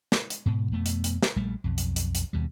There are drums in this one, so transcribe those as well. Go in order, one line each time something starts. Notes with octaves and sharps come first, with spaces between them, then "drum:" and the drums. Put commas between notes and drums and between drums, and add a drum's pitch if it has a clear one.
drum: snare
drum: hi-hat
G#2 B2
F2 B2 A3 B3
drum: hi-hat
drum: hi-hat
drum: snare
A#1 G3 A3
B1 F2
drum: hi-hat
drum: hi-hat
drum: hi-hat
D#2 B2 G3